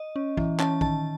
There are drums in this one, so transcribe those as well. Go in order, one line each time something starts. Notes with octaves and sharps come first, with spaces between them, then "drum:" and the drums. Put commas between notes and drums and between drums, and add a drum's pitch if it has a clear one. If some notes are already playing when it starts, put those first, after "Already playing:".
Already playing: D#5
C#4
E3, drum: kick A#1
C#4 A5, drum: clap
D#3 A5, drum: kick A#1